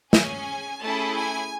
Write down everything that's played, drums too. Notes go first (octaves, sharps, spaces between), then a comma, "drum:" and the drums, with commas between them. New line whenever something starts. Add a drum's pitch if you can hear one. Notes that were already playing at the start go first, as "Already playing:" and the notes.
C#4 G#4 G#5, drum: snare
A3 C#4 E4 G#4 A5
G#5